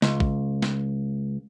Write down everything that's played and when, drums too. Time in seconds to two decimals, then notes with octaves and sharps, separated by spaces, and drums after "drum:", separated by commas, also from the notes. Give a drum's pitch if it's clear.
0.02 C#2, drum: snare
0.20 drum: kick
0.62 drum: snare